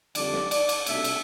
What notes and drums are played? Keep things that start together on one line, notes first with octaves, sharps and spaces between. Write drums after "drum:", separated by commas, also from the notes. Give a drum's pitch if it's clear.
F2 D3 G3 D4 D5, drum: cymbal
drum: snare
D5, drum: cymbal
drum: cymbal
C2 B2 A3 D4 E5, drum: cymbal
drum: cymbal